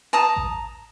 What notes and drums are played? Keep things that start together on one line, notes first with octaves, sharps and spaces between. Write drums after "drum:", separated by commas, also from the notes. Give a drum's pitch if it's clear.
A5 A#5 D#6
drum: kick A1